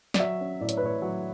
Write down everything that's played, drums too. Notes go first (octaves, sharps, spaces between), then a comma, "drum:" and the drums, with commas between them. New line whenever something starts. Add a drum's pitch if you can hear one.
D5, drum: snare
F#3 E5
C#4
A2 D5
C#5, drum: hi-hat
B4
A2 C#5
F#3